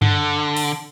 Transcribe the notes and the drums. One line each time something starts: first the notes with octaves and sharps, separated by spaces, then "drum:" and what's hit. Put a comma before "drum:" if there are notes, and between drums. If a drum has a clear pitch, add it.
D3, drum: tom G2
drum: open hi-hat